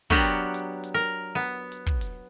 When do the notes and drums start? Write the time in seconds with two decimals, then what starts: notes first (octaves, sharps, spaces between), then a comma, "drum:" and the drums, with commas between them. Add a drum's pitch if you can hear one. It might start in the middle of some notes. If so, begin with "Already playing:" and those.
0.10 F#3 B3 D4 G4 A#4 F#5, drum: kick
0.25 drum: hi-hat
0.54 drum: hi-hat
0.84 drum: hi-hat
0.94 A#4
1.35 B3
1.72 drum: hi-hat
1.86 drum: kick
2.01 drum: hi-hat